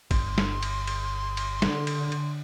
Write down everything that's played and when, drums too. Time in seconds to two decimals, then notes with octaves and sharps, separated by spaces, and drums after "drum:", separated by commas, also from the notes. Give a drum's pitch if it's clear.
0.11 G1 C6, drum: kick, cymbal
0.38 drum: snare
0.63 drum: cymbal
0.87 drum: cymbal
1.37 drum: cymbal
1.62 D3, drum: snare
1.87 drum: cymbal
2.12 drum: cymbal